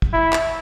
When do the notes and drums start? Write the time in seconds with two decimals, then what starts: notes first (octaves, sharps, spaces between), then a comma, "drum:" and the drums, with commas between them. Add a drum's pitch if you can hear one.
0.02 drum: kick
0.13 E4
0.33 drum: clap